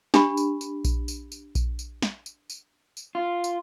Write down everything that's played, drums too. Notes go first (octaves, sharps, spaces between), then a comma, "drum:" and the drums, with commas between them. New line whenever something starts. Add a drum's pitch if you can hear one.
D4 G4 B5, drum: snare
drum: tambourine
drum: tambourine
drum: kick A#1, tambourine
drum: tambourine
drum: tambourine
drum: kick A#1, tambourine
drum: tambourine
drum: snare
drum: tambourine
drum: tambourine
drum: tambourine
F4
drum: tambourine